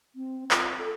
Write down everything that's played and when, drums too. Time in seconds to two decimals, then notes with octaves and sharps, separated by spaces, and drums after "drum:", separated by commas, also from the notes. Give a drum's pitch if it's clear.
0.16 C4
0.51 F4, drum: clap
0.79 A4